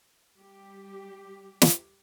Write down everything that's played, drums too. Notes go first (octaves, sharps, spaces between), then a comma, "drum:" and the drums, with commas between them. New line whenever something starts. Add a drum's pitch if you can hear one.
G3 G4
drum: snare